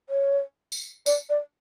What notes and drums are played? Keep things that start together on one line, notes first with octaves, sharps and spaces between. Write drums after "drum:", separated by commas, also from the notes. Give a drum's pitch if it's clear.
C#5
drum: tambourine
D5, drum: tambourine
D5